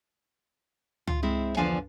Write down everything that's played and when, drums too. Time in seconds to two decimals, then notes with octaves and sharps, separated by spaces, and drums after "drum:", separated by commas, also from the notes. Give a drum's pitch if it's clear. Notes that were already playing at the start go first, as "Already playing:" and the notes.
1.07 F4, drum: tom
1.23 G#3 C4 E4
1.57 E2 D3 F3 D4 F5 G#5